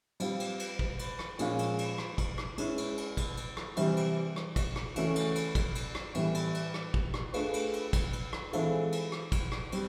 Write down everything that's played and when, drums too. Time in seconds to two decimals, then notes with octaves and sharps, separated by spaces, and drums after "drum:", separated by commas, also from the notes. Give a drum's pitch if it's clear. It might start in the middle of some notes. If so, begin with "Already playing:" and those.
0.20 G3 C4 F4, drum: cymbal
0.40 drum: cymbal
0.59 drum: cymbal
0.79 drum: kick
0.99 drum: cymbal
1.19 drum: rim click
1.39 A#2 F3 G#3 C#4 F4, drum: cymbal
1.59 drum: cymbal
1.78 drum: cymbal
1.98 drum: rim click
2.18 drum: kick, cymbal
2.38 drum: rim click
2.58 G#3 C#4 E4, drum: cymbal
2.78 drum: cymbal
2.97 drum: cymbal
3.17 drum: kick, cymbal
3.37 drum: cymbal
3.57 drum: rim click
3.76 C3 E3 G3 C4 E4, drum: cymbal
3.97 drum: cymbal
4.36 drum: rim click
4.56 drum: kick, cymbal
4.76 drum: rim click
4.96 C#3 E3 A3 C#4 F#4, drum: cymbal
5.16 drum: cymbal
5.35 drum: cymbal
5.55 drum: kick, cymbal
5.75 drum: cymbal
5.95 drum: rim click
6.14 A2 E3 G3 B3, drum: cymbal
6.35 drum: cymbal
6.54 drum: cymbal
6.74 drum: rim click
6.94 drum: kick
7.14 drum: rim click
7.34 A3 D4 F4 G#4 B4, drum: cymbal
7.54 drum: cymbal
7.73 drum: cymbal
7.93 drum: kick, cymbal
8.13 drum: cymbal
8.33 drum: rim click
8.53 E3 G#3 C4 F4 A4, drum: cymbal
8.92 drum: cymbal
9.12 drum: rim click
9.32 drum: kick, cymbal
9.52 drum: rim click
9.72 G3 C4, drum: cymbal